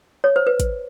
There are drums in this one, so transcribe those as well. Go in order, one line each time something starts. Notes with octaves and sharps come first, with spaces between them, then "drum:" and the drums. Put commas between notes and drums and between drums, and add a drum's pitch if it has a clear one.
C#5
C5
B4
drum: kick, hi-hat